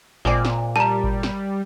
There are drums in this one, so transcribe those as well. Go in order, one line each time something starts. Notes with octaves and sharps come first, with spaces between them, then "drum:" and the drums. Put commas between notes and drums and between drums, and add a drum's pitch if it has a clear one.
A#2 G#3 C4 D5, drum: kick G#1
drum: snare
G3 A#4 A5 A#5
drum: kick G#1
drum: snare